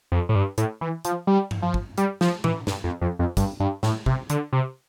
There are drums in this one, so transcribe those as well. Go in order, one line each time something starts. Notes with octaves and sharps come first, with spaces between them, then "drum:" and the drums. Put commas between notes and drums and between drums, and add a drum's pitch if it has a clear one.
F2
A2
G2
A2, drum: hi-hat
E3
F3, drum: hi-hat
G3
drum: tom G2
F3
drum: kick
G3, drum: hi-hat
F3, drum: snare
E3, drum: tom A2
G2, drum: snare
F2
F2
F2
G2, drum: kick, hi-hat
G2
A2, drum: snare
C3, drum: kick
D3, drum: hi-hat
C3